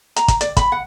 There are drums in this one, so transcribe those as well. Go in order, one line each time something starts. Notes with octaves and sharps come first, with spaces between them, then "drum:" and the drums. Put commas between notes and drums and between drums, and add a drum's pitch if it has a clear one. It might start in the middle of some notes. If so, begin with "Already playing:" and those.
A#5, drum: hi-hat
drum: kick, hi-hat
D5, drum: hi-hat
B5, drum: kick, hi-hat
F#5